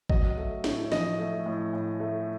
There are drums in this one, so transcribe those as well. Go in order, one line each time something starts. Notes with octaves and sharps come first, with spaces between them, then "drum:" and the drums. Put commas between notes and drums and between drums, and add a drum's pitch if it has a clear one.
F#3 D#5, drum: kick G#1
A3
A2, drum: snare
A#1 D#5, drum: snare
A3
A2
A2
A3